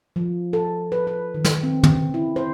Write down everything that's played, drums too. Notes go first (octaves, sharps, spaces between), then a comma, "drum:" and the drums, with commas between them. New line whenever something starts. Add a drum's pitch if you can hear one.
F3
A4
B4
B4
D#3
drum: snare
C4
C#3, drum: tom
E4
C5